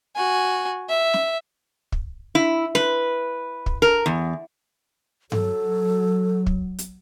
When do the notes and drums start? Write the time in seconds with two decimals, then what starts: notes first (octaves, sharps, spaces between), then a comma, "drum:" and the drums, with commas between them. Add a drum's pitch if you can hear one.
0.16 F#4 G#5
0.89 E5
1.14 drum: snare
1.92 drum: kick
2.35 E4
2.75 B4, drum: snare
3.66 drum: kick
3.82 A#4
4.06 E2
5.32 F#3 A4, drum: tom G2
6.46 drum: kick
6.79 drum: hi-hat